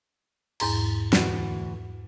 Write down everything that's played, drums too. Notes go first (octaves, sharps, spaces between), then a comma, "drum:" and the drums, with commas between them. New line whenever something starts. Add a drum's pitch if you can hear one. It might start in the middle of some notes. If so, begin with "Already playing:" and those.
E2 G#2 A#5, drum: cymbal
D2 E3 F#4, drum: snare